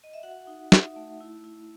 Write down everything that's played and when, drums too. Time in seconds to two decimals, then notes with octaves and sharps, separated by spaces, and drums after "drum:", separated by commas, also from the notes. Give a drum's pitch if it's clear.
0.04 D#5
0.14 E5
0.23 F#4 F#5
0.47 D#4
0.72 D#4 E5, drum: snare
0.96 A3
1.21 E4
1.44 E4